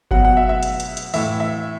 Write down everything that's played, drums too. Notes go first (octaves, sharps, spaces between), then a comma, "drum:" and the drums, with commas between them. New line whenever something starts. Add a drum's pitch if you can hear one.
B2 F#3 F#5, drum: kick G1
F#5
E5
E5
drum: hi-hat
drum: hi-hat
drum: hi-hat
A2 E3 E5, drum: open hi-hat
E5